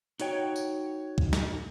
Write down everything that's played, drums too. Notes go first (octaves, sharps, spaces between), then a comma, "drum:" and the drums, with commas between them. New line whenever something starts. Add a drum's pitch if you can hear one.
D#4 F#4 C#5 G5, drum: hi-hat
drum: tambourine
drum: kick
drum: snare